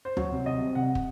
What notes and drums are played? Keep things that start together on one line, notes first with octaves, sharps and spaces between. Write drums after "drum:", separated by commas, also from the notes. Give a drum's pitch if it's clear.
C5
F#3 C#5, drum: tom D2
C2
C2 D#5
C3
C2 F#5
drum: kick